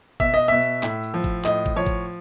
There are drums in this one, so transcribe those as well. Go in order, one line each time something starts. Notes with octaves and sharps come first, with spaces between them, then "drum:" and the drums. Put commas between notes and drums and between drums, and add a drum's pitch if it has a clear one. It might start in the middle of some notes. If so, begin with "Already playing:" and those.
B2 E5, drum: kick, tambourine
D#5
B2 E5
drum: tambourine
A2, drum: clap
drum: tambourine
F3
drum: kick, tambourine
A2 D#5, drum: clap
drum: kick, tambourine
F3 C#5
drum: kick, tambourine